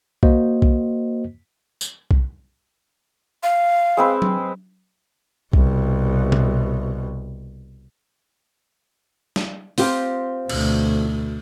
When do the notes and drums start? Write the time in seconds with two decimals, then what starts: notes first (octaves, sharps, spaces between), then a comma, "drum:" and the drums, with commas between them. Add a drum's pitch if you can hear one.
0.23 A#3 F#4 C5 D#5, drum: kick B1
0.62 drum: kick B1
1.81 drum: tambourine
2.11 drum: kick B1
3.43 F5
3.97 G#3 C4 B4
4.22 drum: tom F#3
5.53 C2 B2, drum: kick B1
6.32 drum: tom B2
9.36 drum: snare
9.78 C4 F4 G4, drum: open hi-hat
10.49 D2 B2, drum: cymbal